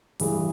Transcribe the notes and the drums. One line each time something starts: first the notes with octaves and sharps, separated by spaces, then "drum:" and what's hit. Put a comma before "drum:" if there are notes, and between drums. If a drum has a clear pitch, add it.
G2 E3 G#3 E4 G#4, drum: open hi-hat